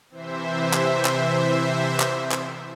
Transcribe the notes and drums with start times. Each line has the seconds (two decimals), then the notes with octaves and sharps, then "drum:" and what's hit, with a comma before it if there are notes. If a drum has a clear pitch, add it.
0.10 C3 E3 C5 E5
0.73 drum: clap
1.05 drum: clap
2.00 drum: clap
2.31 drum: clap